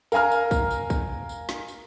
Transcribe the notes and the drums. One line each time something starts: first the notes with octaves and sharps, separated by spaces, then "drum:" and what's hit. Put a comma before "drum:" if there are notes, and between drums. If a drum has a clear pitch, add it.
A#4 F5 G#5 A#5 F6, drum: tambourine
drum: tambourine
drum: kick, tambourine
drum: tambourine
drum: kick, tambourine
drum: tambourine
drum: snare
drum: tambourine